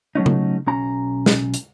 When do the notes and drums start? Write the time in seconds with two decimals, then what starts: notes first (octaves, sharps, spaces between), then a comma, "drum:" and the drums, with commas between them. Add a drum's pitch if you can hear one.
0.15 F#3 A3 C#4 D#4
0.26 drum: tom C#3
0.67 B1 C#4 A#5
1.26 drum: snare
1.54 drum: hi-hat